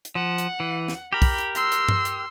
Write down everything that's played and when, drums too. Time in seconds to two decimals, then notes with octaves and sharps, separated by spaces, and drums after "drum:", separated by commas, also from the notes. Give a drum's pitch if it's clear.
0.05 drum: hi-hat
0.15 F3 F#5
0.38 drum: hi-hat
0.60 E3
0.88 drum: snare
1.13 G4 A#4 B5
1.22 drum: kick, open hi-hat
1.38 drum: hi-hat
1.55 C6 E6, drum: hi-hat
1.72 drum: hi-hat
1.88 drum: tom G2
2.05 drum: hi-hat